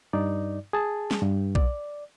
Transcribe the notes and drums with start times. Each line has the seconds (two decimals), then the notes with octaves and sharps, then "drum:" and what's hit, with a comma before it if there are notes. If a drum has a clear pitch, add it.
0.13 G2 D#4 D5
0.73 G#4 A5
1.11 drum: snare
1.22 G2
1.55 D5, drum: kick B1